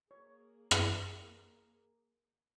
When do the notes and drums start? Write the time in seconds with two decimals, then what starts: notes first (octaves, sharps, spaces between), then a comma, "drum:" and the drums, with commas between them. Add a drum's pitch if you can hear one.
0.11 A#3 G#4 A#4 C#5
0.71 drum: rim click